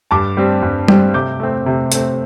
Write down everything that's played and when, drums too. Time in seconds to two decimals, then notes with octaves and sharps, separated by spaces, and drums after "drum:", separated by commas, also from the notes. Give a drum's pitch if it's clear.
0.11 G2 A5 D6
0.37 G3 C4
0.62 G2
0.88 G3 C4, drum: tom G3
1.14 C3 D6 G6
1.40 A3 C4
1.66 C3
1.92 A3 C4, drum: hi-hat